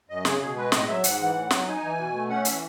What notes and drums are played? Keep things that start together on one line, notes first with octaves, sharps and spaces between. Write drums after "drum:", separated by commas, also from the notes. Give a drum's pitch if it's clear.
F#2 D#5
C#3 G#4, drum: snare
B2 G#4
G#3 B4
A2 D#5, drum: snare
F#3 E5
G#2 F#5, drum: hi-hat
E3
A2
F#3, drum: snare
D#4 G#5
E3
B2
A3
C#4 F#5
E3 E5, drum: hi-hat